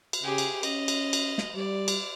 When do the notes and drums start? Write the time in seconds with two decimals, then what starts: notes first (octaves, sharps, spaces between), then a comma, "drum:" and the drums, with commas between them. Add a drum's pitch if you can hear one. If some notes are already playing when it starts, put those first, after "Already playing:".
0.13 drum: cymbal
0.23 C#3 G4 G#4
0.38 drum: cymbal
0.63 C#4 D#5, drum: cymbal
0.88 drum: cymbal
1.13 drum: cymbal
1.38 drum: snare
1.56 G3 D5
1.88 drum: cymbal